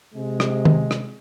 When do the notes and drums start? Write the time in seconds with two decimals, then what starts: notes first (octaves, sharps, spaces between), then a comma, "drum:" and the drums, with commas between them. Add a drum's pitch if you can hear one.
0.15 C3 G#3
0.40 drum: rim click
0.65 drum: tom D#3
0.91 drum: rim click